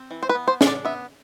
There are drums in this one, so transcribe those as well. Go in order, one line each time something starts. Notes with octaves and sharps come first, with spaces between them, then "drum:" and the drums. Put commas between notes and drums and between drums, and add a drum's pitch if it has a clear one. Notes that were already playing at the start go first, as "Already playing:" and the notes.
Already playing: C4
E3
C5
B4
B3
C5
D4, drum: snare
D5
B3 E5